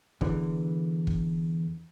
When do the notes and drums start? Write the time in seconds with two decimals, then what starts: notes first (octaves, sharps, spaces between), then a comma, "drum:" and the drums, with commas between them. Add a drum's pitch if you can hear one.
0.21 E2 D3 E3, drum: kick
1.07 drum: kick